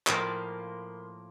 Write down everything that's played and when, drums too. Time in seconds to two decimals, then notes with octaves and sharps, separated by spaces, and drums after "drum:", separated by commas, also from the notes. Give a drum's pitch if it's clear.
0.07 A2 F3 A#3 A#4 B5 C6, drum: clap